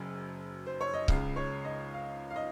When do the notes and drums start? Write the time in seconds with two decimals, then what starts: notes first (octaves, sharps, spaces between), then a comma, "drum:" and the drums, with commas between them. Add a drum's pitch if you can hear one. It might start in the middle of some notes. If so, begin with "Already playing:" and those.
Already playing: F#1 F#2 C#3
0.66 C5
0.81 C#5
0.94 D#5
1.08 C#2 C#3 F5, drum: kick C#1
1.36 C#5
1.65 D#5
1.94 F5
2.30 F5
2.36 D#5